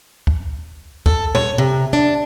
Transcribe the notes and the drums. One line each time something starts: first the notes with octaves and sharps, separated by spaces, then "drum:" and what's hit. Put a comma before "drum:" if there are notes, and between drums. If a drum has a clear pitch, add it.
drum: kick
A4, drum: kick
C#5, drum: tom A#2
C3
D4